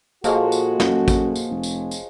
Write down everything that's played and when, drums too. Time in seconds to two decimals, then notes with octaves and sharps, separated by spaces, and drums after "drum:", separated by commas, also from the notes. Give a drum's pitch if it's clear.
0.24 A#2 F3 G#3 A#3 F#4 A4 C#5, drum: tambourine
0.52 drum: tambourine
0.80 F#2, drum: snare
1.08 drum: kick, tambourine
1.36 drum: tambourine
1.50 F1
1.63 drum: tambourine
1.91 drum: tambourine